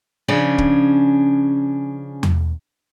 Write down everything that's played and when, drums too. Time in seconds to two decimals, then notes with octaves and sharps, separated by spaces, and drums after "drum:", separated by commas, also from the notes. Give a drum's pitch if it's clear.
0.28 C#3 F3 C#4 D4
0.58 drum: kick
2.23 drum: tom E2